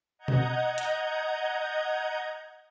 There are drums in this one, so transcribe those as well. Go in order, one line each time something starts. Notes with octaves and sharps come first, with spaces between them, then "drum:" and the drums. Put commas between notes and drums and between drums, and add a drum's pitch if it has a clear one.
D#5 F#5 A#5 G6 G#6
drum: tom B2
drum: hi-hat